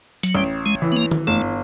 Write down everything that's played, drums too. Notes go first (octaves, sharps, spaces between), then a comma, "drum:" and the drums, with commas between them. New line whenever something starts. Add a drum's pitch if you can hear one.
F#3, drum: hi-hat
A1 G3
G#3
E3
B3
A#3
drum: tom D#3
G1 A3